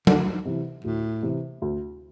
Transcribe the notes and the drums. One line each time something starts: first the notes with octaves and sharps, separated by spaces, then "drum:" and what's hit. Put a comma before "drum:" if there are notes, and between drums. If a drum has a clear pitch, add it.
D2 D3, drum: tom F#3
C3 E3
D2 A2
C3 E3
D2